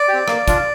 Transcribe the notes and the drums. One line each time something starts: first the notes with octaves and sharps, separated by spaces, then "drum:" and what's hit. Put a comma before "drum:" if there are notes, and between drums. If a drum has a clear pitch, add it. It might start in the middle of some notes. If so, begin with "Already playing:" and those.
Already playing: D5
G4
C4
A#3, drum: rim click
D4 F4, drum: kick, hi-hat